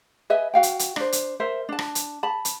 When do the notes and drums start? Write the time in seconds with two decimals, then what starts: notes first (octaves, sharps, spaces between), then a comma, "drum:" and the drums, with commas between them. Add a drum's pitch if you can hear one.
0.30 B4 D#5 E5 G#5
0.54 F#4 F5 G5
0.63 drum: hi-hat
0.79 drum: hi-hat
0.96 D4 C5, drum: rim click
1.12 drum: hi-hat
1.40 A#4 C5 E5
1.69 D4 A5
1.79 drum: rim click
1.95 drum: hi-hat
2.23 A5 B5
2.45 drum: hi-hat